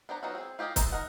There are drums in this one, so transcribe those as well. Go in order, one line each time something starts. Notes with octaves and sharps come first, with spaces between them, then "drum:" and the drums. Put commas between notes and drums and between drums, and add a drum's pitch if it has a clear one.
B3 D4 C5 A#5
F#3 B3 D#4 F4 F#4
C4 G#4
F4 G4 G#4 D#5 F5
G#3 A3 C5 A5 A#5, drum: kick, hi-hat
D#4 A#4 D#5 F#5